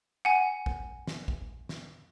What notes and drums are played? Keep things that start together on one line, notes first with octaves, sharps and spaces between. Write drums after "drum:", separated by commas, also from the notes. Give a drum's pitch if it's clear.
F#5 G#5
drum: kick A1
drum: snare
drum: kick A1
drum: snare